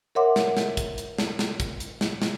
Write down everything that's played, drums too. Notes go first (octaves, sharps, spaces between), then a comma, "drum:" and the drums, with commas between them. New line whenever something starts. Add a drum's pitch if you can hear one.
A#4 C#5 E5 F#5 C6 D6
drum: snare
drum: snare
drum: kick, hi-hat
drum: hi-hat
drum: snare
drum: snare
drum: kick, hi-hat
drum: hi-hat
drum: snare
drum: snare